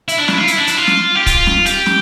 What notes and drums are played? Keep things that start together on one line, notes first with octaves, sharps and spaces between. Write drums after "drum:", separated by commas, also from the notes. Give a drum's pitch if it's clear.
E4, drum: hi-hat
D4
E4, drum: snare
F4
E4, drum: hi-hat
D4
E4, drum: hi-hat
F4
drum: snare
G4
F4, drum: kick, hi-hat
drum: snare
G4, drum: hi-hat
drum: snare